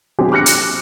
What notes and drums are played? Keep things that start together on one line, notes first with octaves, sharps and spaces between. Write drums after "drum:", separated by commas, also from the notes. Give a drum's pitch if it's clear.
F#3 C4 D4 G4 G#4
D6 F6 F#6 A#6 C#7
drum: hi-hat